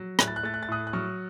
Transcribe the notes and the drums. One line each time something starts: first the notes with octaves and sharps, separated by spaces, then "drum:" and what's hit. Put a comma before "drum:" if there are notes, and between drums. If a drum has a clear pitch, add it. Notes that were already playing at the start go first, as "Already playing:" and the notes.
Already playing: F#3
A2 F#6, drum: rim click
A6
F#6
A3 A6
F#6
A6
A2 D#6 F#6
F#6
F#3 C#6 F6